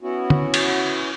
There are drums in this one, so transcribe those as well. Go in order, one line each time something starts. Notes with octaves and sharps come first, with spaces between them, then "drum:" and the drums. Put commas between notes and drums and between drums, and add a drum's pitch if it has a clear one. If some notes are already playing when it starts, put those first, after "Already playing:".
B3 C#4 E4 F#4
drum: tom
drum: cymbal